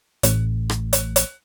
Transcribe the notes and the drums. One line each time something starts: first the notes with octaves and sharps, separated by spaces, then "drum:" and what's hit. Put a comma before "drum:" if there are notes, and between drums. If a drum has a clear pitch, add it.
A1, drum: hi-hat
drum: rim click
drum: hi-hat
drum: hi-hat